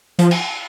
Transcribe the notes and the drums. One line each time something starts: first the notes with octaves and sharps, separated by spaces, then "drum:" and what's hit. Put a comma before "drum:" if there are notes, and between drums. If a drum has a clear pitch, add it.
F3, drum: hi-hat
drum: cymbal